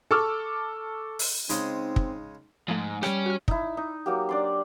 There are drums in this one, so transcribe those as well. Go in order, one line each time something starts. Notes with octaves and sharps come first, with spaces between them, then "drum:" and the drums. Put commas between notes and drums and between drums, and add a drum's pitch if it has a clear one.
A4 A5 C#6 D6 E6 F6
drum: open hi-hat
C#3 G#3 C4 D#4, drum: hi-hat
drum: kick
G#2 F3 A3
G3 C#4 G4, drum: rim click
F#4 F6
D#4 E4, drum: kick
D#4
F#3 A#3 G4
D4 D5 C6